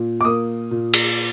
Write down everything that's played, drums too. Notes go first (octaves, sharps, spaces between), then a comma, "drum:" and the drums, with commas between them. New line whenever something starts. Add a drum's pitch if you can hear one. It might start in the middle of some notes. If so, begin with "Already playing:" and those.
Already playing: A#2
D6
A#3 D#6
A#2
drum: cymbal